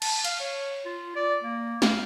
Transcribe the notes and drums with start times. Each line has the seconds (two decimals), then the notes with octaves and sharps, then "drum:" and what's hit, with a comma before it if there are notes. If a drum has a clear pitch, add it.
0.02 A5, drum: cymbal
0.25 F5, drum: hi-hat
0.40 C#5
0.85 F4
1.16 D5
1.43 A#3
1.82 F5, drum: snare